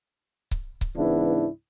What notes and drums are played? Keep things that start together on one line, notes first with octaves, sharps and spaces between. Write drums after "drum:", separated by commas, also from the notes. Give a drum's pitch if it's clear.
drum: kick C#1
drum: kick C#1
C#2 G#2 E3 B3 D4 E4